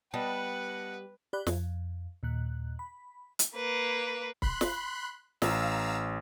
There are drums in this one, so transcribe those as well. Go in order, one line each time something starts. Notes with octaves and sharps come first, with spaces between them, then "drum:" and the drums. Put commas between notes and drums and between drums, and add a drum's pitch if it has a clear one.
G3 B3 B4 D#5 F#5 A5
G4 D5 B5 F#6
F2, drum: snare
D#2 A#2 F#6
B5
drum: hi-hat
A#3 B4
B5 C6 F#6, drum: kick C#1
drum: snare
A1 F5 A#5 E6, drum: snare